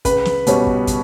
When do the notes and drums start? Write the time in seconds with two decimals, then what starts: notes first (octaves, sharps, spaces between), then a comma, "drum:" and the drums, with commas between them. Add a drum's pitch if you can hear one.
0.05 C#2 B4, drum: kick, hi-hat
0.25 drum: snare
0.47 B2 G3 C#4, drum: hi-hat
0.67 drum: kick
0.87 drum: kick, hi-hat